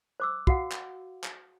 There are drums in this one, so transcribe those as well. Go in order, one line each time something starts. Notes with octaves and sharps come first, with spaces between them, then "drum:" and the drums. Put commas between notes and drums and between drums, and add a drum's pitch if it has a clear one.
C5 D6 E6
F#4 F5 F#5, drum: kick
drum: clap
drum: clap